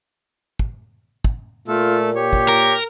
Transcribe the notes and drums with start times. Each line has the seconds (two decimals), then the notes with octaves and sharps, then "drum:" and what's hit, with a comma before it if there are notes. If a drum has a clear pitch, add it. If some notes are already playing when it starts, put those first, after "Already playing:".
0.59 drum: kick
1.24 drum: kick
1.68 A#2 A3 F4 A4
2.15 G4 C#5
2.33 drum: kick
2.49 A#4